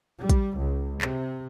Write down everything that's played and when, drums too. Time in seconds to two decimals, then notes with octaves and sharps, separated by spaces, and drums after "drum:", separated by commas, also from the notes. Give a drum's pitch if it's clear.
0.20 G3
0.29 drum: kick, hi-hat
0.58 C#2
1.01 C3, drum: clap